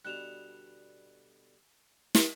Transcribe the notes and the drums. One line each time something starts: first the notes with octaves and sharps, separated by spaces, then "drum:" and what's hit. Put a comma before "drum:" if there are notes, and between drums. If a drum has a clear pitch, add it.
B2 D3 G3 F#6 E7 F7
drum: snare